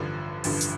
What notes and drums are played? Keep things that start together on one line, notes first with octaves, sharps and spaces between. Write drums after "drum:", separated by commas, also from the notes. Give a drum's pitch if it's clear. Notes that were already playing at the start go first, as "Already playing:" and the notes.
Already playing: A1 G2 D3 F3
A1 G2 D3 F3, drum: open hi-hat
drum: hi-hat